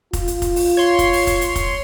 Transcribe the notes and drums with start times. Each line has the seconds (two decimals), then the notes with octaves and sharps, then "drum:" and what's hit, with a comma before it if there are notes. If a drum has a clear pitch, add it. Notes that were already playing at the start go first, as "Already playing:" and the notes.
0.13 F4, drum: kick F1, hi-hat
0.28 drum: hi-hat
0.42 drum: kick F1, hi-hat
0.56 drum: open hi-hat
0.77 C#5 C6
0.99 drum: kick F1, hi-hat
1.13 drum: open hi-hat
1.27 drum: kick F1, hi-hat
1.41 drum: hi-hat
1.56 drum: kick F1, hi-hat